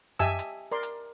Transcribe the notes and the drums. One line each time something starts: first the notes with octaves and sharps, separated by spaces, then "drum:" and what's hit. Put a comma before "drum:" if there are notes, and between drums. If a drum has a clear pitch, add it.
G4 D#5 E5 G#5 A5 E6, drum: tom F#2
drum: hi-hat
A#4 D5 C6
drum: hi-hat